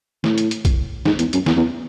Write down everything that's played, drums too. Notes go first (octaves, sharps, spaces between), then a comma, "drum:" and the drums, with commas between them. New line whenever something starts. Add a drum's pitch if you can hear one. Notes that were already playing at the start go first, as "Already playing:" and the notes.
A2, drum: snare
drum: hi-hat
drum: hi-hat
drum: kick, hi-hat
G#2, drum: snare
E2, drum: hi-hat
F#2, drum: hi-hat
E2, drum: snare
E2